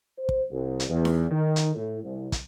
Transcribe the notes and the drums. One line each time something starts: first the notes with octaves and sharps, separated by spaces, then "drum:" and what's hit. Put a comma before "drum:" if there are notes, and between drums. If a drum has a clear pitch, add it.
C5
drum: kick
C2
drum: hi-hat
E2
drum: snare D#4
D#3
drum: hi-hat
A2
C2
drum: kick, hi-hat